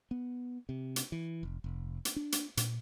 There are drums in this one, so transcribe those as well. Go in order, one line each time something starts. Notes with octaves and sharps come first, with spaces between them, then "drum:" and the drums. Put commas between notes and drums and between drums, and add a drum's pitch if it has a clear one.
B3
C3
drum: hi-hat
E3
F1
F1
drum: hi-hat
D4
drum: hi-hat
A#2, drum: hi-hat